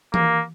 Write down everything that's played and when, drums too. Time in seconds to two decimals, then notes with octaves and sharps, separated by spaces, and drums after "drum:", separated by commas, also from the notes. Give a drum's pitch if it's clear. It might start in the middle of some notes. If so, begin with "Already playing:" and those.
0.14 A#3, drum: tom E3